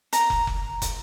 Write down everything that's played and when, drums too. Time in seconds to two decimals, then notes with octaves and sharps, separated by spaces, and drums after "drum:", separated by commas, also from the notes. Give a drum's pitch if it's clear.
0.13 A#5, drum: hi-hat
0.30 drum: kick
0.47 drum: kick
0.82 drum: kick, hi-hat